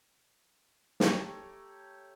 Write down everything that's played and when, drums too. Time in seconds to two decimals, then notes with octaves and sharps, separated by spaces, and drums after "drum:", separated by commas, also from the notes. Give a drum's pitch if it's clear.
1.00 A3 G4 C#5 A#5, drum: snare